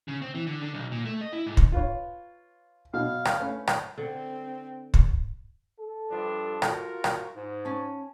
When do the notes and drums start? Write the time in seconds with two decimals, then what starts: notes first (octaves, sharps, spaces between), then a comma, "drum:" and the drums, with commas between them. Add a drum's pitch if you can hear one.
0.08 C#3
0.22 C4
0.35 E3
0.47 D3
0.62 D3
0.74 B1
0.91 A#2
1.05 A3
1.21 D#5
1.33 E4
1.46 G#2
1.57 drum: kick
1.72 F4 B4 C#5
2.94 B2 F#3 F5
3.25 drum: rim click
3.40 A3 C#4 B4
3.67 drum: rim click
3.98 D3 C4
4.94 drum: kick
5.79 A4
6.11 G2 F3 D4
6.62 F4 F#4 A#4, drum: rim click
7.04 drum: rim click
7.36 G#2
7.65 C#4 A5